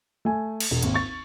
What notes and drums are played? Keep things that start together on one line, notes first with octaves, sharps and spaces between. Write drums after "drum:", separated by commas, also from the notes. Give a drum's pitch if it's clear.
A3 G#5
drum: cymbal
E1
G#1 D#2, drum: hi-hat
C#6 A6